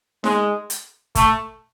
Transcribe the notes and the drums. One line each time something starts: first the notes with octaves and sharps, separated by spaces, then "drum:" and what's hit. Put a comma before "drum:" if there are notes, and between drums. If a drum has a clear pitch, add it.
G#3, drum: snare D#4
drum: hi-hat
A3, drum: kick, hi-hat